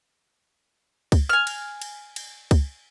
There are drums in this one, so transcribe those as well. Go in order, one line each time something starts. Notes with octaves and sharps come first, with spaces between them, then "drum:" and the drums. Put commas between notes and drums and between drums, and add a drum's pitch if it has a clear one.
drum: kick C#2, cymbal
G#5 F6
drum: cymbal
drum: cymbal
drum: cymbal
drum: kick C#2, cymbal